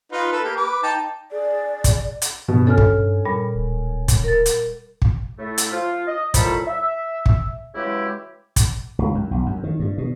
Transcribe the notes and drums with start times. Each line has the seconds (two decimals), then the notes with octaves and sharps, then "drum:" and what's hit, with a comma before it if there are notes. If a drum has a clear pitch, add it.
0.12 D#4 F4 B4
0.32 A4 B4
0.44 A#3 G4
0.57 B4 D6
0.83 D#4 G5 A5
1.31 G#4 D5
1.84 drum: kick, hi-hat
2.22 drum: hi-hat
2.48 G2 B2
2.67 C#4 A4 F6
2.78 drum: kick
3.25 A#2 G3 B5
3.55 D1
4.08 drum: kick, hi-hat
4.24 A#4 A6
4.46 drum: hi-hat
5.02 drum: kick
5.38 A2 A3
5.58 drum: hi-hat
5.71 F3 F4
6.07 D#5
6.34 A2 D#3 F3 G3 A4 B5, drum: kick, hi-hat
6.66 E5
7.26 drum: kick
7.75 C#3 E3 F#3 G#3 E4 G4
8.56 drum: kick, hi-hat
8.99 C#2
9.15 F#2
9.31 B1
9.46 F#2
9.63 D#3
9.80 G2
9.98 B2